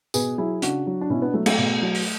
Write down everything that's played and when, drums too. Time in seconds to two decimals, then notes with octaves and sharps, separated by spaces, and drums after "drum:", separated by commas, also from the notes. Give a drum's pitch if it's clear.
0.14 B2 G#4 B4, drum: tambourine
0.38 F#3 E4 G#4
0.62 C#3 D4 F#4, drum: hi-hat
0.87 F#3
1.01 D4
1.10 B2 C#4 E4
1.22 B3 D4
1.34 F#3 A3
1.46 A3, drum: cymbal
1.58 B2
1.82 F#3
1.95 drum: open hi-hat